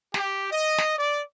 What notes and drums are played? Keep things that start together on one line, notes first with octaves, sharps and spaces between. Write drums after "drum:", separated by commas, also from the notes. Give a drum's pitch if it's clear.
G4, drum: snare
D#5
drum: snare
D5